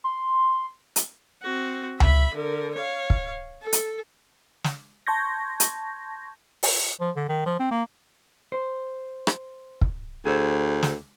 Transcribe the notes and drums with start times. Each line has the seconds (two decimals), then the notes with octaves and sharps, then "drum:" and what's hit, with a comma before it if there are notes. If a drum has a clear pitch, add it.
0.04 C6
0.96 drum: hi-hat
1.43 C4 F#4
2.00 E5 B5, drum: tom C#2
2.34 D3 A#4
2.75 C#5 F5
3.10 drum: kick
3.63 A4
3.73 drum: hi-hat
4.64 drum: snare
5.07 A5 C6 C#6 G6 G#6 A#6
5.60 drum: hi-hat
6.63 drum: open hi-hat
7.01 F3
7.17 D3
7.29 D#3
7.46 F3
7.60 C4
7.71 A#3
8.52 C5
9.27 drum: rim click
9.81 drum: kick
10.26 D2 G#4 A4 C5
10.83 drum: snare